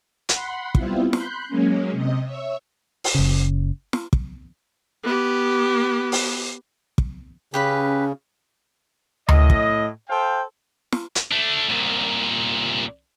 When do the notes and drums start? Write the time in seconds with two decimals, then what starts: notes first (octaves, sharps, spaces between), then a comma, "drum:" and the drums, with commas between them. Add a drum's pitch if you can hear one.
0.29 F#5 B5 C6, drum: hi-hat
0.75 G3 B3 C4 E4 F4, drum: kick
1.13 B5 C6 F#6 G6, drum: snare
1.48 F#3 G#3 A#3 C#4
1.91 C3 D#5
2.25 C#5 E5
3.04 drum: open hi-hat
3.15 F#1 C#3
3.93 drum: snare
4.13 drum: kick
5.03 B3 G4
6.12 drum: open hi-hat
6.98 drum: kick
7.54 C#3 C#4 G4 B4 B5
9.28 A2 D#5, drum: tom D2
9.50 drum: kick
10.09 A4 C5 F5 G5
10.92 drum: snare
11.15 drum: hi-hat
11.32 A3 D4
11.69 C2 A#2